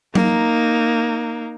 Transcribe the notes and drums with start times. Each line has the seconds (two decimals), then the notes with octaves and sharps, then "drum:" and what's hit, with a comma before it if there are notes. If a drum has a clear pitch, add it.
0.15 A#3 D#4, drum: tom F#3